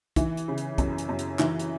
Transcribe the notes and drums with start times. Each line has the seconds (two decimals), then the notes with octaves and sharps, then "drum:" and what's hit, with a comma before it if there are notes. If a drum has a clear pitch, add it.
0.16 E3, drum: kick, hi-hat
0.37 drum: hi-hat
0.48 C#3
0.58 drum: hi-hat
0.78 F#2, drum: kick, hi-hat
0.98 drum: hi-hat
1.09 F#2
1.19 drum: hi-hat
1.39 E3, drum: clap
1.60 drum: hi-hat